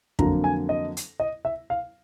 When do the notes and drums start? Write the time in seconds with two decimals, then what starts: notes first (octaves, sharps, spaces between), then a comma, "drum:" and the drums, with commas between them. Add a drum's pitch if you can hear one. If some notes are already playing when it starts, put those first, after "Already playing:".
0.19 F2 D3 F#3 A#3 A#5, drum: kick
0.44 G#5
0.69 D#5
0.97 drum: hi-hat
1.20 D#5
1.45 E5
1.70 F5